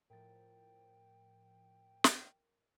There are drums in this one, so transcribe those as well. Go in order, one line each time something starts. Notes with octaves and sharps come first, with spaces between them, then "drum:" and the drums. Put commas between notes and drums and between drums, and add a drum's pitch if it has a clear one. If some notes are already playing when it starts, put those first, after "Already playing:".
A2 F3 A#4 G5 A6
drum: snare